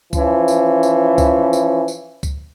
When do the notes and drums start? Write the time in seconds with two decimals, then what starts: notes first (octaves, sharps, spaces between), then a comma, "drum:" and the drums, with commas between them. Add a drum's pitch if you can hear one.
0.13 E3 F3 C#4, drum: kick, tambourine
0.48 drum: tambourine
0.83 drum: tambourine
1.18 drum: kick, tambourine
1.53 drum: tambourine
1.88 drum: tambourine
2.23 drum: kick, tambourine